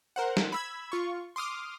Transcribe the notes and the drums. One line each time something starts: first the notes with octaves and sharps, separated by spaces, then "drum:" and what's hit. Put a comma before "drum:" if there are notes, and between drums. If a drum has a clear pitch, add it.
A#4 C5 F#5
drum: snare
B5 E6 G#6
F4 C#6
C6 D6 D#6 F6